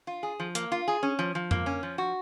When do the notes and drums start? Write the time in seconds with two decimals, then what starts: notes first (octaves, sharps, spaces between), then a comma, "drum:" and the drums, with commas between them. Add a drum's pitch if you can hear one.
0.07 F4
0.23 G#4
0.40 F3
0.55 A#3, drum: hi-hat
0.72 F4
0.88 G#4
1.03 C#4
1.19 F3
1.35 F3
1.51 A#3, drum: tom F2
1.66 C#4
1.83 F3
1.98 F#4